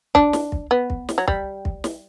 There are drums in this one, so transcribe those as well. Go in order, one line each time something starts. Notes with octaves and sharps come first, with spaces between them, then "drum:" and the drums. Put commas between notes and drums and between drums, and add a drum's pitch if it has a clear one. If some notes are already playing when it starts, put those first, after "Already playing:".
D4, drum: kick
drum: snare
drum: kick
B3
drum: kick
drum: snare
F#3
G3, drum: kick
drum: kick
drum: snare